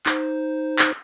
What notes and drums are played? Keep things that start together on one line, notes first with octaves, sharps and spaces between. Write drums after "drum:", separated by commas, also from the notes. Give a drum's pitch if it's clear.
D#4 C5, drum: clap
drum: clap